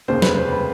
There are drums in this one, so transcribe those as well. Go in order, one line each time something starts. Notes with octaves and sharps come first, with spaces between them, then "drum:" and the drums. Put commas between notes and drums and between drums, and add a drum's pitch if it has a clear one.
F1 D#2 C#3 C5
B4, drum: snare
C5
B4